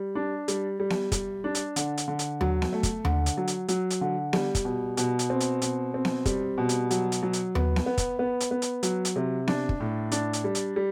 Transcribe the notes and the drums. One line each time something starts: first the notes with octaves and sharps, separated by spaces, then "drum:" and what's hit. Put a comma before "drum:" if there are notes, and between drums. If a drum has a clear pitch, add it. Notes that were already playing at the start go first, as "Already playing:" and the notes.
Already playing: G3
D4
G3, drum: hi-hat
G3
drum: snare B3
G3, drum: kick, hi-hat
D4
drum: hi-hat
D3, drum: hi-hat
drum: hi-hat
D3
drum: hi-hat
F#3, drum: tom D#2
drum: snare B3
A3
drum: kick, hi-hat
D3, drum: tom D#2
drum: hi-hat
F#3
drum: hi-hat
F#3, drum: hi-hat
drum: hi-hat
D3
G3, drum: snare B3
drum: kick, hi-hat
B2
B2, drum: hi-hat
drum: hi-hat
C4
drum: hi-hat
B2, drum: hi-hat
C4
drum: snare B3
G3, drum: kick, hi-hat
B2
drum: hi-hat
F#3, drum: hi-hat
drum: hi-hat
F#3
drum: hi-hat
B3, drum: tom D#2
drum: snare B3
B3
drum: kick, hi-hat
B3
drum: hi-hat
B3
drum: hi-hat
F#3, drum: hi-hat
drum: hi-hat
C3
D4, drum: snare B3
drum: kick
A2
D4, drum: hi-hat
drum: hi-hat
G3
drum: hi-hat
G3